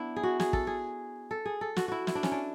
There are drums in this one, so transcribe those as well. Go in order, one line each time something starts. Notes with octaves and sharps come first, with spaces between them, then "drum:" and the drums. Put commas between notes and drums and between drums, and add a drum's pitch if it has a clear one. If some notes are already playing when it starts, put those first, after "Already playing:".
Already playing: B3 D4 E4
G#4
F#4
G#4, drum: snare
A4, drum: kick
G#4
A4
G#4
A4
F#4, drum: snare
E4 F#4
E4, drum: snare
D4
C#4, drum: snare
D4